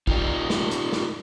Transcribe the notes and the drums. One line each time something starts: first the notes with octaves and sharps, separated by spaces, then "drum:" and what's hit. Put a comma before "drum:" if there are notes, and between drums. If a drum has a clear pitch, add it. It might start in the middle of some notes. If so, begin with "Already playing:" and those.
D#4 F4 G4 A#4 D5, drum: kick
drum: snare
drum: hi-hat
drum: snare